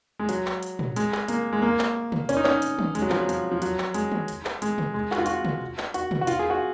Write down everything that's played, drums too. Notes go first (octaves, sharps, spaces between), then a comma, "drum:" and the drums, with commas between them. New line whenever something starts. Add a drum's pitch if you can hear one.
G#3
F#3, drum: hi-hat
drum: clap
drum: hi-hat
drum: tom
G#3, drum: hi-hat
drum: clap
A#3, drum: hi-hat
G#3
A#3
drum: clap
drum: tom
C#4, drum: hi-hat
D#4
C#4, drum: clap
drum: hi-hat
drum: tom
G#3, drum: hi-hat
F#3
F3, drum: clap
F#3
F3, drum: hi-hat
F3
F#3, drum: hi-hat
drum: clap
G#3, drum: hi-hat
drum: tom
drum: hi-hat
drum: clap
G#3, drum: hi-hat
drum: tom
G#3
F#4, drum: clap
F4
F#4, drum: hi-hat
drum: tom
drum: clap
F#4, drum: hi-hat
drum: tom
F#4
F4, drum: hi-hat
G#4
F#4